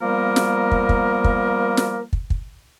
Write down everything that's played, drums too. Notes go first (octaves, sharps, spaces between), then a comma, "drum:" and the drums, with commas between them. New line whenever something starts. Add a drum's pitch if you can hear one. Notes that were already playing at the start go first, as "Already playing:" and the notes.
F3 G3 A#3 B3 A#4
drum: snare
drum: kick
drum: kick
drum: kick
drum: snare
drum: kick
drum: kick